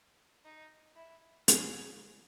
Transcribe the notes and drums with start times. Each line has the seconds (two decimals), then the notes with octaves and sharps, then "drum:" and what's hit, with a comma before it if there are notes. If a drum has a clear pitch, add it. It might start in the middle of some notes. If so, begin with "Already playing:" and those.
0.45 D#4
0.96 E4
1.48 G#4, drum: hi-hat